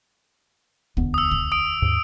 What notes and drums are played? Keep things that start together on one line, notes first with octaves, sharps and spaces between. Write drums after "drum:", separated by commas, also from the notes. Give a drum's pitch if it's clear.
E1 D2 B3, drum: kick
D#6 E6
drum: kick
D#6 D7
D#2 G#2